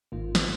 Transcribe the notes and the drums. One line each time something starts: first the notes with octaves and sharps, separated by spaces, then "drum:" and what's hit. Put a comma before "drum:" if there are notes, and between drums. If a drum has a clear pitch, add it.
G#1 G#2 D#3 A#3 F4
drum: snare